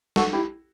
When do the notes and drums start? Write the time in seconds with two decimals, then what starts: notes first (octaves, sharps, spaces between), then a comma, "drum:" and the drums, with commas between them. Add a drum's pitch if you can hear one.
0.16 F#4 A4, drum: snare
0.33 E4 G4